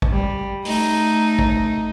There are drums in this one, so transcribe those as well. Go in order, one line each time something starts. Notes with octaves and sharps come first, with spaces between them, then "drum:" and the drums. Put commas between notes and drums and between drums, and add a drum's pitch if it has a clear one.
drum: kick
G3
A3 D#4, drum: open hi-hat
drum: kick